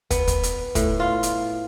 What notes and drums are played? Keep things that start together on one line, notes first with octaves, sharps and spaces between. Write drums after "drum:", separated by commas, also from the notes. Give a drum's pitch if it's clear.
B3, drum: kick, hi-hat
drum: kick, hi-hat
drum: hi-hat
A2, drum: kick, hi-hat
F4
drum: hi-hat